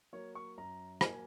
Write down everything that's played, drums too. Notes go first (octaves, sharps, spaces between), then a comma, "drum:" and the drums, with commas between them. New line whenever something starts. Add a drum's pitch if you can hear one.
F#3 A#3 C#5
C#6
F#2 A#5
F#3 A#3 G#5, drum: rim click